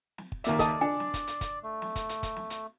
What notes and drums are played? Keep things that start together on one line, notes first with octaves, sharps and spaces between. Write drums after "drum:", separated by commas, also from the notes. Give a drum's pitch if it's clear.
drum: snare
drum: kick
D#2 A#3 D5 E5, drum: hi-hat
A4 D#5 A5, drum: kick, hi-hat
D4 G#5
drum: snare
drum: kick, hi-hat
drum: hi-hat
drum: kick, hi-hat
A3
drum: snare
drum: kick, hi-hat
drum: hi-hat
drum: kick, hi-hat
drum: snare
drum: hi-hat